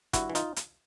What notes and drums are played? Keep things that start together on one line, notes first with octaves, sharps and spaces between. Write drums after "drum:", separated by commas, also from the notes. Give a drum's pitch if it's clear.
G2 E4 F#4, drum: kick, hi-hat
E3
D#4 F4, drum: hi-hat
drum: hi-hat